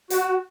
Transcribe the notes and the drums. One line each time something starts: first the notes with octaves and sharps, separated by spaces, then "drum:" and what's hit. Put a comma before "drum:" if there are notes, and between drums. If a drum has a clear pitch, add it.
F#4, drum: hi-hat